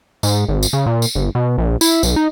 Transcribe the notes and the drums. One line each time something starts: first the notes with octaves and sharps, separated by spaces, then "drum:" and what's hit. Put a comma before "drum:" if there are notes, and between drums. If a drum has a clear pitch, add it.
G#2, drum: tambourine
G#1
drum: tambourine
C#3
A#2
drum: tambourine
G1
B2
A#1
E4, drum: tambourine
B1, drum: tambourine
D#4